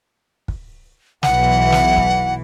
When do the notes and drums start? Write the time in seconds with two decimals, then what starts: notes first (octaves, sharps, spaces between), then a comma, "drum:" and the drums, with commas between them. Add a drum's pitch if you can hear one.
0.48 drum: kick
1.23 B1 E3 F#5, drum: snare
1.72 drum: snare
1.97 drum: kick